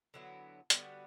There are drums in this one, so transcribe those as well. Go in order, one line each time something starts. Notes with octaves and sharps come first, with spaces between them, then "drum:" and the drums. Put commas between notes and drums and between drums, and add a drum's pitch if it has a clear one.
D3 F#3 B3 E4
D3 G3 B3 F#4, drum: hi-hat